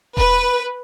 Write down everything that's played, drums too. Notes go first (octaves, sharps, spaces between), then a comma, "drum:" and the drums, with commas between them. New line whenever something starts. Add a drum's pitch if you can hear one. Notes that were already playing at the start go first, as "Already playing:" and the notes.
B4, drum: kick E1